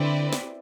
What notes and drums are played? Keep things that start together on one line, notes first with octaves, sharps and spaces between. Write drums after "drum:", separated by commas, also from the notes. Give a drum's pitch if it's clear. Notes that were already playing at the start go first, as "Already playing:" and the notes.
Already playing: D3 C4 E4 B4 D5
drum: snare